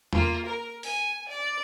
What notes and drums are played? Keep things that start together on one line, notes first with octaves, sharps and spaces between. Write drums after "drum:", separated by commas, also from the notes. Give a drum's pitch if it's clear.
A#3 F4, drum: tom E2
A#4
G#5, drum: open hi-hat
D5